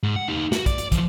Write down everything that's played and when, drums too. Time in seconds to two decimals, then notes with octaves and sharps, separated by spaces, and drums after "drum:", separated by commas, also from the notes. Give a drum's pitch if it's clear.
0.03 G#2
0.16 F#5
0.28 D#4 G4
0.52 F#4, drum: snare
0.66 D5, drum: kick, hi-hat
0.78 drum: hi-hat
0.92 E3 F3, drum: kick, hi-hat